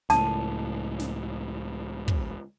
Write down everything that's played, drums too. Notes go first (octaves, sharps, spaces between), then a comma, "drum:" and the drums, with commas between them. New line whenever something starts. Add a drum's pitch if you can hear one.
C#2 A2 A5, drum: snare
drum: snare
drum: kick